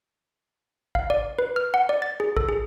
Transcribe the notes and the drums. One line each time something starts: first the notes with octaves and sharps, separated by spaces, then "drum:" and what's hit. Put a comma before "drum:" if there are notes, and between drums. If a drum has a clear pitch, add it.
F5, drum: kick G#1
D5
B4
F6
F#5
D5
A6
G#4
A4, drum: kick G#1
G#4